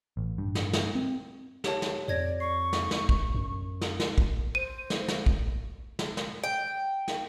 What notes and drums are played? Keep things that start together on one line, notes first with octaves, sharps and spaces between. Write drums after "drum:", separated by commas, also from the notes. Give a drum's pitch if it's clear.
A1
G2
drum: snare
drum: snare
C4
G4 C#5 A5, drum: snare
drum: snare
F2 C#5 D5 G#6 A#6
C#6 C7
drum: snare
drum: snare
drum: kick
F#2
drum: snare
drum: snare
drum: kick
C5 D#7
drum: snare
drum: snare
drum: kick
drum: snare
drum: snare
G5
drum: snare